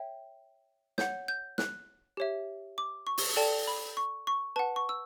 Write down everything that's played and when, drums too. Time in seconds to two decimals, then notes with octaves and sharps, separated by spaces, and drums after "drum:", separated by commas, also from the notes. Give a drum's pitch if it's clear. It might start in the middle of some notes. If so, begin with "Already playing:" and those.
Already playing: C#5 E5 G5
0.98 C#5 F#5 G6, drum: snare
1.28 G6
1.58 F#6, drum: snare
2.17 G4 C#5 E5
2.78 D6
3.07 C#6
3.18 drum: open hi-hat
3.36 A4 D5 G5 A5
3.67 B5
3.97 C#6
4.27 C#6
4.56 B4 F#5 A5
4.76 C#6
4.89 E6